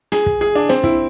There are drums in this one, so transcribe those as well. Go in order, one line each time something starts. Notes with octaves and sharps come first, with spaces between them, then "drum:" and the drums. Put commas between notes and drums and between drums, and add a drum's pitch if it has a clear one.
G#4, drum: snare
drum: kick
G#4
D4
C4, drum: snare
E4, drum: kick